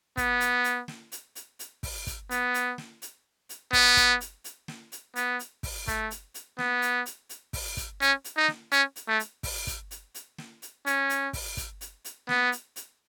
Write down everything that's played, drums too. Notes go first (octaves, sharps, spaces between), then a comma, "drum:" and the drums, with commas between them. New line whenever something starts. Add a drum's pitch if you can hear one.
B3, drum: kick, hi-hat
drum: hi-hat
drum: hi-hat
drum: snare
drum: hi-hat
drum: hi-hat
drum: hi-hat
drum: kick, open hi-hat
drum: kick, hi-hat
B3, drum: hi-hat
drum: hi-hat
drum: snare
drum: hi-hat
drum: hi-hat
B3, drum: kick, open hi-hat
drum: kick, hi-hat
drum: hi-hat
drum: hi-hat
drum: snare
drum: hi-hat
B3, drum: hi-hat
drum: hi-hat
drum: kick, open hi-hat
A3, drum: kick, hi-hat
drum: hi-hat
drum: hi-hat
B3, drum: snare
drum: hi-hat
drum: hi-hat
drum: hi-hat
drum: kick, open hi-hat
drum: kick, hi-hat
C#4, drum: hi-hat
drum: hi-hat
D#4
drum: snare
C#4, drum: hi-hat
drum: hi-hat
A3
drum: hi-hat
drum: kick, open hi-hat
drum: kick, hi-hat
drum: hi-hat
drum: hi-hat
drum: snare
drum: hi-hat
C#4, drum: hi-hat
drum: hi-hat
drum: kick, open hi-hat
drum: kick, hi-hat
drum: hi-hat
drum: hi-hat
B3, drum: snare
drum: hi-hat
drum: hi-hat